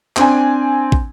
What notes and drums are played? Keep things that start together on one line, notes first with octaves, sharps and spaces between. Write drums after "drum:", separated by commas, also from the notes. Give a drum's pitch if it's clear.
C4 D4 G#5, drum: clap
drum: kick